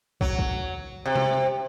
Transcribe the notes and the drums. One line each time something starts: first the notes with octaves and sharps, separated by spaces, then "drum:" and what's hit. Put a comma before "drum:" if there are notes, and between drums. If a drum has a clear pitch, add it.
F#3, drum: kick
drum: kick
C3
drum: tom C3